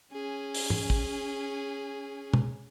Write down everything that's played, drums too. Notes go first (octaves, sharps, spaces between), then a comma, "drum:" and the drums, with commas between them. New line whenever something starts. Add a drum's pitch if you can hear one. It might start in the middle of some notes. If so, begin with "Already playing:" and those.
C#4 G#4
drum: open hi-hat
drum: tom
drum: kick
drum: tom